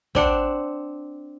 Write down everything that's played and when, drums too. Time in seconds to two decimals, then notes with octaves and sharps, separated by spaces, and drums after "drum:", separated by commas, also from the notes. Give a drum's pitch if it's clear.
0.15 C4 D4 F#5, drum: kick